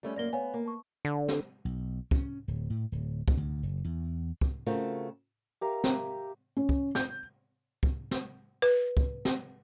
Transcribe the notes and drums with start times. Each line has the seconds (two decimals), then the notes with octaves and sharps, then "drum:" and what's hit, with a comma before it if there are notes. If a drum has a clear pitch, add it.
0.03 G3 A3 C#4
0.16 F#2 A#3 D5 A#6 G7
0.33 B3 C#5 F5 G#5
0.54 A#3
0.66 A5 C#6
1.05 D3
1.28 drum: snare
1.65 B1
2.11 C#4, drum: kick
2.48 D1
2.70 A2
2.92 D1
3.28 drum: kick
3.37 D2
3.63 F#1
3.85 E2
4.41 drum: kick
4.66 C#3 A3 C4 F4 F#4 A#4
5.61 G4 A#4 E5 F5
5.84 drum: snare
6.57 C#4
6.69 drum: kick
6.95 G6, drum: snare
7.83 drum: kick
8.11 drum: snare
8.62 B4
8.97 drum: kick
9.25 drum: snare